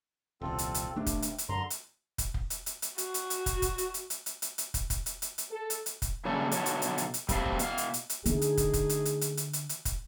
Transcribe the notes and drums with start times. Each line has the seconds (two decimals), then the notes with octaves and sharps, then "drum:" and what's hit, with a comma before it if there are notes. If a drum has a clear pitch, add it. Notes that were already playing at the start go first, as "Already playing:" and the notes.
0.42 D#1 C2 C4 F4 A4
0.58 drum: hi-hat
0.74 drum: hi-hat
0.96 D#1 G2 C3 A3 D4
1.06 drum: kick, hi-hat
1.22 drum: hi-hat
1.38 drum: hi-hat
1.49 F#2 D3 A#5 C6
1.70 drum: hi-hat
2.18 drum: kick, hi-hat
2.34 drum: kick
2.50 drum: hi-hat
2.66 drum: hi-hat
2.82 drum: hi-hat
2.98 F#4, drum: hi-hat
3.14 drum: hi-hat
3.30 drum: hi-hat
3.46 drum: kick, hi-hat
3.62 drum: kick, hi-hat
3.78 drum: hi-hat
3.94 drum: hi-hat
4.10 drum: hi-hat
4.26 drum: hi-hat
4.42 drum: hi-hat
4.58 drum: hi-hat
4.74 drum: kick, hi-hat
4.90 drum: kick, hi-hat
5.06 drum: hi-hat
5.22 drum: hi-hat
5.38 drum: hi-hat
5.51 A4
5.70 drum: hi-hat
5.86 drum: hi-hat
6.02 drum: kick, hi-hat
6.25 G2 C#3 F#3 A#3 A4
6.52 B2 D3 F#3 A4 C#5, drum: hi-hat
6.66 drum: hi-hat
6.82 drum: hi-hat
6.98 drum: hi-hat
7.14 drum: hi-hat
7.29 G3 A3 C4 F5, drum: kick, hi-hat
7.46 drum: kick
7.59 B2 F5, drum: hi-hat
7.78 drum: hi-hat
7.94 drum: hi-hat
8.10 drum: hi-hat
8.26 D3 A3 D#4 G#4, drum: hi-hat
8.41 drum: hi-hat
8.57 drum: kick, hi-hat
8.73 drum: kick, hi-hat
8.89 drum: hi-hat
9.05 drum: hi-hat
9.21 drum: hi-hat
9.37 drum: hi-hat
9.53 drum: hi-hat
9.69 drum: hi-hat
9.85 drum: kick, hi-hat